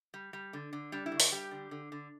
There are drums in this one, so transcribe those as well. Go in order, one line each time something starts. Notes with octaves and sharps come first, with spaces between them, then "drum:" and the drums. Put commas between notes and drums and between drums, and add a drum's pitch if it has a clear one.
G3
G3
D3
D3
G3 D4
E4
D3
F#4, drum: open hi-hat
G3 G4
D3
D3
D3